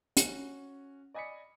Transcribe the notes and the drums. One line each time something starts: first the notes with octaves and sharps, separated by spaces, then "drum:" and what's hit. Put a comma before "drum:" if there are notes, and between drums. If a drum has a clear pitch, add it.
C#4 F#4, drum: hi-hat
D5 D#5 G#5 B5 B6 C#7